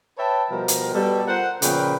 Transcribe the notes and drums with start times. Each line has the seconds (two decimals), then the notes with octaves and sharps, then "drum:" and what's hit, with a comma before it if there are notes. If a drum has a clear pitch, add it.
0.18 B4 C#5 E5 G5 A5
0.51 B2 F3 G3 A#4
0.68 drum: hi-hat
0.94 B2 G3 A4
1.27 F4 A#4 C5 F#5
1.62 A#2 C#3 F3 B3 B4 G5, drum: hi-hat